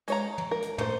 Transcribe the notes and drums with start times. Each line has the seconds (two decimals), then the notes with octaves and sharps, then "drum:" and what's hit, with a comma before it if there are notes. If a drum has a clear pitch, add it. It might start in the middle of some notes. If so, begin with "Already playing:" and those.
0.08 G#3 C#5 A#5, drum: cymbal
0.38 drum: tom
0.51 A#4
0.62 drum: hi-hat
0.78 A3 C5, drum: tom